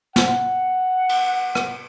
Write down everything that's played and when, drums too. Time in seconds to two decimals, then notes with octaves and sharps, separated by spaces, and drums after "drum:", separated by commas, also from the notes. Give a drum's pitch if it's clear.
0.16 F#5, drum: snare
1.09 drum: cymbal
1.55 drum: rim click